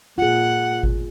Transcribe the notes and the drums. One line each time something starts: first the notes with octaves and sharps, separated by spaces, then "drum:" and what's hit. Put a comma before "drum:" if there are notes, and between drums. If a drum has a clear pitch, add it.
A#2 F4 G#4 F#5 F#6
drum: kick G#1